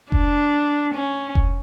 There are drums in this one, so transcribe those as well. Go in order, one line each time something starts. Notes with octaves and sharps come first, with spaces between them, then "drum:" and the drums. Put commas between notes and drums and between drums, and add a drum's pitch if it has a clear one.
D4, drum: kick F1
C#4
drum: kick F1